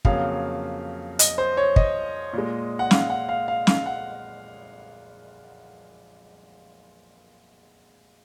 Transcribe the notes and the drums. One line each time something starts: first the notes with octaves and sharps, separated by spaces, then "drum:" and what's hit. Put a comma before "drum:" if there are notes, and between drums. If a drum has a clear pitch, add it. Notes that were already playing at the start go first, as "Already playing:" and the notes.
F2 C#3 F#3 A#3 F5, drum: kick
D#5, drum: hi-hat
C5
C#5
D#5, drum: kick
A#2 G#3
F#5
F5, drum: snare
F#5
F5
F5
F5, drum: snare
F#5